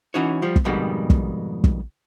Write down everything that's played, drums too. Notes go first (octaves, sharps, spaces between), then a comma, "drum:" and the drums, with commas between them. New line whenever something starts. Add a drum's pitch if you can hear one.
E3 C#4 D#4 F#4 C#5
F3 G3
drum: kick
F2 G#2 B2 D#3 G3
drum: kick
drum: kick